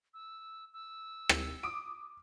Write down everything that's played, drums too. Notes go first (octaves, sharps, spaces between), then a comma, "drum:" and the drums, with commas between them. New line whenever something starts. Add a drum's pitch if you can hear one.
E6
E6
drum: rim click
D6 D#6 D7